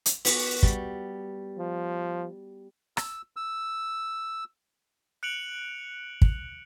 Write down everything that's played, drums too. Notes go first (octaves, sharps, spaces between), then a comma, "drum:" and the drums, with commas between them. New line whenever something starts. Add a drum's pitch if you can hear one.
drum: hi-hat
B3 F#4, drum: open hi-hat
G3, drum: kick
F3
E6, drum: rim click
E6
F#6 C#7 D7 F7 F#7
drum: kick